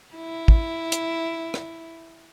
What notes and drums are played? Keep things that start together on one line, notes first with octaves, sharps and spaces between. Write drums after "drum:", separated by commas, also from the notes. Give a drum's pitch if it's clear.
E4
drum: kick
drum: hi-hat
drum: rim click